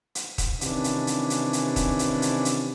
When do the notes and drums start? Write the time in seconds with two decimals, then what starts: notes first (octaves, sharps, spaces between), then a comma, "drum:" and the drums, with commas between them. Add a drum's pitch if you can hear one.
0.15 drum: hi-hat
0.38 drum: kick D#1, hi-hat
0.61 C3 D#3 E3 C#4 D4, drum: hi-hat
0.84 drum: hi-hat
1.07 drum: hi-hat
1.30 drum: hi-hat
1.53 drum: hi-hat
1.76 drum: kick D#1, hi-hat
1.99 drum: hi-hat
2.22 drum: hi-hat
2.45 drum: hi-hat